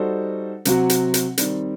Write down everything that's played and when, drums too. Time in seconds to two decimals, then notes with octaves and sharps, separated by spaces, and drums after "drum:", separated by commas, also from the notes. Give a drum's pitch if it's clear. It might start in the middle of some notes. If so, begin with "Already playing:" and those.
Already playing: G3 D#4 F#4 A4 C5
0.65 C3 F#3 C4 F#4, drum: hi-hat
0.90 drum: hi-hat
1.14 drum: hi-hat
1.38 D#3 G3 C4, drum: hi-hat